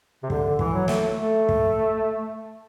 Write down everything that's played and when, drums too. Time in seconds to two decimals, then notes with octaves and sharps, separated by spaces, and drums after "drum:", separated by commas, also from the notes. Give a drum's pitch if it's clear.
0.23 C3
0.30 D3, drum: kick
0.44 D3
0.59 E3, drum: kick
0.74 F#3
0.88 A3, drum: snare
1.17 A3
1.49 drum: kick